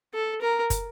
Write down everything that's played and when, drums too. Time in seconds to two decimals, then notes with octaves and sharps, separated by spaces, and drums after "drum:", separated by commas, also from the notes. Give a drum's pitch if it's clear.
0.14 A4
0.42 A#4
0.70 drum: kick, hi-hat